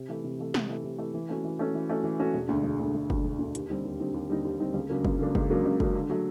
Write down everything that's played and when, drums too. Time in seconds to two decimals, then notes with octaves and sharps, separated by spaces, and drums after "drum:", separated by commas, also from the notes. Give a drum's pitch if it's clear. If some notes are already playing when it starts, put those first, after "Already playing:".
Already playing: C3
0.09 E3 A3
0.24 C3
0.39 E3 A3
0.54 C3, drum: snare
0.69 E3 A3
0.84 C3
0.98 E3 A3
1.14 E3
1.29 A3 C#4 F#4
1.44 E3
1.59 A3 C#4 F#4
1.74 E3
1.90 A3 C#4 F#4
2.04 E3
2.19 A3 C#4 F#4
2.34 E1
2.49 D2 D3
2.64 E1
2.79 D2 D3
2.95 E1
3.10 D2 D3, drum: kick
3.25 E1
3.39 D2 D3
3.55 D#2, drum: hi-hat
3.69 D3 G3 C4 D#4
3.85 D#2
3.99 D3 G3 C4 D#4
4.14 D#2
4.30 D3 G3 C4 D#4
4.45 D#2
4.60 D3 G3 C4 D#4
4.74 C#2
4.90 C#3 F#3 A#3 D4
5.05 C#2, drum: kick
5.19 C#3 F#3 A#3 D4
5.35 C#2, drum: kick
5.50 C#3 F#3 A#3 D4
5.65 C#2
5.80 C#3 F#3 A#3 D4, drum: kick
5.95 D3
6.09 F#3 A3